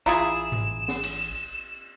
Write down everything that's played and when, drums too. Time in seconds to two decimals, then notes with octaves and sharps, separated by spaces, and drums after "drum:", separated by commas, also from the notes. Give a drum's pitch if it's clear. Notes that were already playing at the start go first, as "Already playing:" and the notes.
0.06 A1 E4 F4 G#4 A#5 E7
0.52 drum: tom G#2
0.88 drum: snare
1.03 drum: cymbal